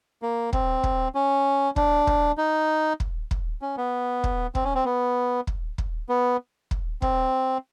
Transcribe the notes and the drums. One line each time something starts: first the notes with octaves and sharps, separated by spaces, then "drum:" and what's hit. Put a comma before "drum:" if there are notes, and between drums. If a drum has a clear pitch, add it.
A#3
C4, drum: kick
drum: kick
C#4
D4, drum: kick
drum: kick
D#4
drum: kick
drum: kick
C#4
B3
drum: kick
C4, drum: kick
C#4
C4
B3
drum: kick
drum: kick
B3
drum: kick
C4, drum: kick